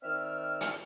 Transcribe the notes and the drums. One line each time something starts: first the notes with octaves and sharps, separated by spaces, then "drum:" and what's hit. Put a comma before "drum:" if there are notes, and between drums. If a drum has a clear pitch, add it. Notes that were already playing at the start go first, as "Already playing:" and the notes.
D#3 C4 D5 E5 F6
drum: hi-hat